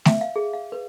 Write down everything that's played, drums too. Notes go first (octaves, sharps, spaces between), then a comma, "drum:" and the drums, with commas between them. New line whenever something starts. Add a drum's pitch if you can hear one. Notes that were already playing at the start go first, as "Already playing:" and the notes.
E5, drum: snare A3
F5
G#4
F5
B4